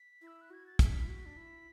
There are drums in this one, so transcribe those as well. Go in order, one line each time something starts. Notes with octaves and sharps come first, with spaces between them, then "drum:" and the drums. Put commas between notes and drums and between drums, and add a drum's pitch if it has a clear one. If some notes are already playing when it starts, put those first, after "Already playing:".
Already playing: B6
E4
E6
F#6
F#4 G#6
A6
G#4 B6, drum: kick, hi-hat
D4
E4
F#4
D4
E4